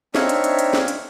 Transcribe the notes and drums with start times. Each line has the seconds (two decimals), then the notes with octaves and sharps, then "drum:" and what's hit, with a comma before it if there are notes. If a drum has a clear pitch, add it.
0.15 C4 D4 D#4 C#5 E5 F5, drum: snare
0.29 drum: hi-hat
0.44 drum: hi-hat
0.59 drum: hi-hat
0.73 drum: snare
0.88 drum: hi-hat